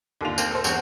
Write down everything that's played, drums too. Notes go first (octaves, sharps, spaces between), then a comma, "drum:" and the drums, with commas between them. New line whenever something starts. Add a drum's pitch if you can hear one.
D#2 D3 F4 F7
A#3 C4, drum: tambourine
A4 A#4 C5
E2 G2 C4 C#5, drum: tambourine